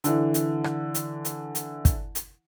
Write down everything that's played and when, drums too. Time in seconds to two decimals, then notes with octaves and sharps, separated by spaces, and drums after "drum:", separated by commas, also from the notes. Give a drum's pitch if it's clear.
0.04 D3 E3, drum: hi-hat
0.34 drum: hi-hat
0.64 drum: rim click
0.94 drum: hi-hat
1.25 drum: hi-hat
1.55 drum: hi-hat
1.85 drum: kick, hi-hat
2.15 drum: hi-hat